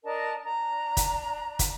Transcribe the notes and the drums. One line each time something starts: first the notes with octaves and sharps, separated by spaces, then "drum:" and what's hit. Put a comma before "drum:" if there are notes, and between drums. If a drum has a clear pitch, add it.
D4 A#4 D#5 A5
D4 A#5
drum: kick, hi-hat
drum: kick, hi-hat